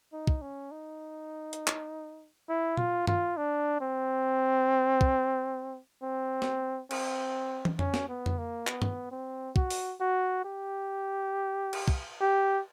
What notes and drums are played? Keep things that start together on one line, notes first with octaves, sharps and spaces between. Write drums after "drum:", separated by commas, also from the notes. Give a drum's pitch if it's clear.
D#4
drum: kick
C#4
D#4
drum: hi-hat
drum: clap
E4
F4, drum: tom A#2
F4, drum: tom G2
D4
C4
drum: kick
C4
drum: snare
C4, drum: cymbal
drum: tom
C#4, drum: tom F2
drum: snare
B3
drum: tom F2
A#3
B3, drum: clap
drum: tom G2
C4
F#4, drum: kick
drum: open hi-hat
F#4
G4
drum: cymbal
drum: kick
G4